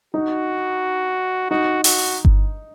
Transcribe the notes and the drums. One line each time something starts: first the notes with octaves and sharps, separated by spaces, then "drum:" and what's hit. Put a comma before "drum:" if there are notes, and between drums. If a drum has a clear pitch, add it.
D#4 F#4
D#4 F#4
F#4, drum: open hi-hat
drum: kick G1